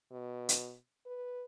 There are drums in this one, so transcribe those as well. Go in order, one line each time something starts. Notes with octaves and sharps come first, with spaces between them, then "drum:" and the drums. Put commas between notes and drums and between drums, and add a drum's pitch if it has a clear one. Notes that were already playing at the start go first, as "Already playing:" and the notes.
B2
drum: hi-hat
B4